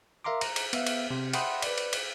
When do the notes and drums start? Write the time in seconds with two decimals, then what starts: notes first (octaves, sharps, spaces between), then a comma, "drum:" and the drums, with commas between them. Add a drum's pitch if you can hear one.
0.24 A#4 E5 F5 A#5 C6 D6
0.41 A#5, drum: cymbal
0.56 drum: cymbal
0.73 B3 E5 F5, drum: cymbal
0.87 drum: cymbal
1.11 C3
1.33 E5 F#5 G5 B5 C6 D#6, drum: cymbal
1.62 B4 D5, drum: cymbal
1.78 drum: cymbal
1.93 drum: cymbal